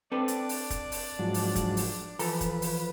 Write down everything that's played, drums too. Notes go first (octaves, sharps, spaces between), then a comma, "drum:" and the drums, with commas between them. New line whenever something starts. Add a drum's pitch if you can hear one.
C4 D4 A4 B4 D5
drum: hi-hat
drum: open hi-hat
drum: kick, hi-hat
drum: open hi-hat
G#2 F3 F#3
drum: open hi-hat
drum: kick, hi-hat
drum: open hi-hat
E3 F3 A4 B4 A#5, drum: open hi-hat
drum: kick, hi-hat
drum: open hi-hat